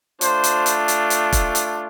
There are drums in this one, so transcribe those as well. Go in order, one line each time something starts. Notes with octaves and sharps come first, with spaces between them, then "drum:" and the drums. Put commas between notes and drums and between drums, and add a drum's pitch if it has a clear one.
A3 D4 F4 C5, drum: hi-hat
drum: hi-hat
drum: hi-hat
drum: hi-hat
drum: hi-hat
drum: kick E1, hi-hat
drum: hi-hat